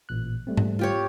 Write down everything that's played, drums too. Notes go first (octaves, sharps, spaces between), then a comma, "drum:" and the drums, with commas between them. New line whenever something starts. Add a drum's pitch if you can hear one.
A1 A#2 F#6
G3 A3 C4
drum: tom G#2
F4 G4 C#5